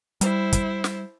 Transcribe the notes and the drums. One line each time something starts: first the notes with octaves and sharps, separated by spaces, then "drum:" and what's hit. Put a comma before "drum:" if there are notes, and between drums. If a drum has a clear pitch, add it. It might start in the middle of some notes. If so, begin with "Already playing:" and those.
G3 E4 C5, drum: hi-hat
drum: kick, hi-hat
drum: snare